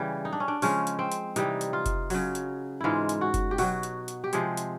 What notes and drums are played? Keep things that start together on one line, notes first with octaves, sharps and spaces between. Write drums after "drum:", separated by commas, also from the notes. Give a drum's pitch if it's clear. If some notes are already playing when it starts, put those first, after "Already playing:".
Already playing: C#3 E3 G3
D#4
D4
C#4
D4
C#3 F3 G#3 C#4, drum: open hi-hat
drum: hi-hat
C4
drum: hi-hat
C3 E3 G3 D#4, drum: hi-hat
drum: hi-hat
F4
drum: kick F#1, hi-hat
C#3 F#3, drum: open hi-hat
drum: hi-hat
G#2 E3 G#3 E4 F4
drum: hi-hat
F#4
drum: kick F#1, hi-hat
G4
B2 F#3 F#4, drum: open hi-hat
drum: hi-hat
drum: hi-hat
G4
C3 F3 G#3 G#4, drum: hi-hat
drum: hi-hat